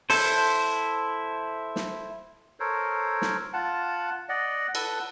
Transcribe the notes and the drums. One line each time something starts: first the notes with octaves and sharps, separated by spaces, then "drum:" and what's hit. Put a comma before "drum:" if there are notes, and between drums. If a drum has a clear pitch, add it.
E4 A4 C5, drum: open hi-hat
drum: snare
A4 A#4 C5 C#5
drum: snare
F4 F#5 A5
D5 D#5 F#5
A4 B4 F#5 A5, drum: cymbal